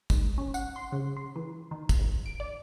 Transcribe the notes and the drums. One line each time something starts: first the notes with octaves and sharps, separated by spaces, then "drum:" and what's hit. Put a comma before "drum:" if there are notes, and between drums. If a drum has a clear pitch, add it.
G#2, drum: kick, tambourine
C#4
F#5, drum: tambourine
C6
C#3
C6
E3
D#3
drum: kick, tambourine
G#1
D7
D5